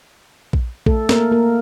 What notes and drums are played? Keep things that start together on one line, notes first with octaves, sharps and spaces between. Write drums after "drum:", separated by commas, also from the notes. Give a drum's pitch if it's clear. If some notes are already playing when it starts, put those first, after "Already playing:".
drum: kick A#1
A3 A4, drum: kick A#1
A#3 A#4, drum: snare
A#3 A#4